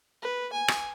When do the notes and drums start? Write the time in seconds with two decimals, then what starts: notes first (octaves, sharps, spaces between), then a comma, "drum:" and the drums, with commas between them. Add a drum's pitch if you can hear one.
0.22 B4
0.53 G#5
0.68 drum: rim click